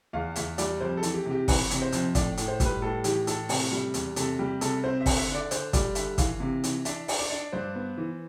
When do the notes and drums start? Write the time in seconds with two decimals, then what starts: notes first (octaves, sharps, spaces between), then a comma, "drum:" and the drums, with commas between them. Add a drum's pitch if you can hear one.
0.13 E2 F5
0.36 E2 E5, drum: hi-hat
0.58 G3 D5, drum: hi-hat
0.80 F2 C5
0.97 A4
1.03 E3, drum: hi-hat
1.14 G4
1.25 C3
1.31 G4
1.48 E3 B4, drum: kick, open hi-hat
1.71 C3, drum: hi-hat
1.82 C5
1.92 F2, drum: hi-hat
2.15 A2 D5, drum: kick, hi-hat
2.37 A2, drum: hi-hat
2.48 C5
2.60 G3, drum: kick, hi-hat
2.65 B4
2.82 A2 A4
3.04 E3 G4, drum: hi-hat
3.27 A2 A4, drum: hi-hat
3.49 C3, drum: open hi-hat
3.72 G3
3.94 E2, drum: hi-hat
4.16 C3 A4, drum: hi-hat
4.39 G3 G4
4.61 C3 A4, drum: hi-hat
4.84 C4 C5
5.01 E5
5.06 D3, drum: kick, open hi-hat
5.17 E5
5.29 D3
5.35 D5
5.51 D3 C5, drum: hi-hat
5.73 G3 D5, drum: kick, hi-hat
5.95 D3 E5, drum: hi-hat
6.18 E3 F5, drum: kick, hi-hat
6.40 C3
6.64 E3, drum: hi-hat
6.85 D4 E5, drum: hi-hat
7.08 D4, drum: open hi-hat
7.19 D5
7.30 D4
7.52 G2 C5
7.75 B3
7.97 E3